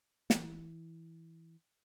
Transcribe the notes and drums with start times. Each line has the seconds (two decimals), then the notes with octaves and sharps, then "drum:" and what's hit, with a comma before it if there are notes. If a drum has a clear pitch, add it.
0.30 E3, drum: snare